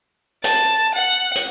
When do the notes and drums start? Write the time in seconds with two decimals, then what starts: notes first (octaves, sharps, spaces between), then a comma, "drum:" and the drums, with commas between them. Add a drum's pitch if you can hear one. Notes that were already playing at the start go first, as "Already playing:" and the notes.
0.44 A5, drum: hi-hat
0.94 F#5
1.36 drum: hi-hat